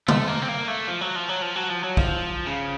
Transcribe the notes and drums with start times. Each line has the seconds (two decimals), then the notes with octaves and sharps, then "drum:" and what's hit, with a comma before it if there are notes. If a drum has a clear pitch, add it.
0.08 A3, drum: tom
0.27 A#3
0.42 C4
0.48 A#3
0.68 A3
0.88 F3
1.01 F#3
1.16 F3
1.29 F#3
1.42 F3
1.56 F#3
1.70 F3
1.84 F#3
1.97 F3, drum: kick
2.46 C#3